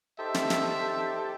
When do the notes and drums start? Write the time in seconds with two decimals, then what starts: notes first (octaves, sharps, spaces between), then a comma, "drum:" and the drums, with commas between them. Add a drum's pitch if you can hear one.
0.19 D#4 G4 A4 C5 E5
0.34 drum: snare
0.50 drum: snare